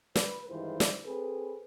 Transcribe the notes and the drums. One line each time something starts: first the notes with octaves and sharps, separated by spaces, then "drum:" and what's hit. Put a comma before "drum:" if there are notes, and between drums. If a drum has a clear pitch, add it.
B4, drum: snare
G2 D#3 E3 G#3 F4 C5
drum: snare
C4 G#4 A4 B4